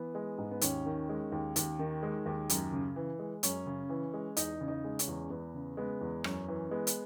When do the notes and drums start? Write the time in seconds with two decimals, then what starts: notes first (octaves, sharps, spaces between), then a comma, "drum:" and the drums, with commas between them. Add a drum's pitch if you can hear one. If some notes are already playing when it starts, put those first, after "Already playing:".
Already playing: E3 B3
0.15 G#3
0.38 G#2
0.51 B3
0.61 D#2 C#4, drum: hi-hat
0.86 D#3
1.09 G#3
1.32 D#2
1.56 D#2, drum: hi-hat
1.79 D#3
2.03 G#3
2.26 D#2
2.50 F#2, drum: hi-hat
2.73 C#3
2.96 E3
3.19 G#3
3.43 F#2 C#4, drum: hi-hat
3.66 C#3
3.89 E3
4.13 G#3
4.37 E2 D#4, drum: hi-hat
4.61 C#3
4.68 D#4
4.84 G#3
4.99 C#4, drum: hi-hat
5.08 E2
5.30 E2 B3
5.54 C#3
5.77 G#3 B3
6.01 E2
6.24 F#2 C#4, drum: rim click
6.48 E3
6.71 G#3 B3
6.87 drum: hi-hat